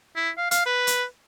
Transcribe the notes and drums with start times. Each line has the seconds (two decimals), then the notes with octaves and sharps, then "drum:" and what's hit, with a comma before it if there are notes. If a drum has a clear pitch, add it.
0.16 E4
0.38 F5
0.51 F5, drum: hi-hat
0.66 B4
0.87 drum: hi-hat